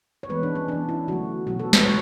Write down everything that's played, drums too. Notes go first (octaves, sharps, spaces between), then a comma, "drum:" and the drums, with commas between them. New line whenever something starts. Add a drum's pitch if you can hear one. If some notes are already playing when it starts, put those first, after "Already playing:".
C#5
E3 G#3 B3 B4
D4
C#4
E3 B3 D4
E4
D3 F#3 A3 F#4
B2 F#3 B3 F#4
A4
B4, drum: snare
C#5